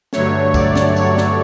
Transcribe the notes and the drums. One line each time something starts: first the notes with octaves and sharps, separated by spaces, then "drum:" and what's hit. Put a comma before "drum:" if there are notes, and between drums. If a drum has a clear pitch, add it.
G2 D3 F#3 A3 C#5, drum: snare
D5, drum: kick, tambourine
drum: snare
C#5, drum: tambourine
drum: snare